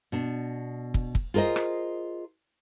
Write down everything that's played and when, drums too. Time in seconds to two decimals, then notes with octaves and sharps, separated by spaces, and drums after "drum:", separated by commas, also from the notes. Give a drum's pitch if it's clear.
0.12 B2 D4
0.94 drum: kick
1.15 drum: kick
1.34 F4 G#4 A#4 C5 D#5
1.56 drum: rim click